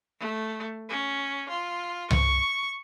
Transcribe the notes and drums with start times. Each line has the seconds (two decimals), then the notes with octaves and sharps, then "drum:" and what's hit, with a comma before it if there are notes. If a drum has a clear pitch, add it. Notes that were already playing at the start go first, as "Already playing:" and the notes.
0.20 A3
0.89 C#4
1.49 F4
2.11 C#6, drum: tom C2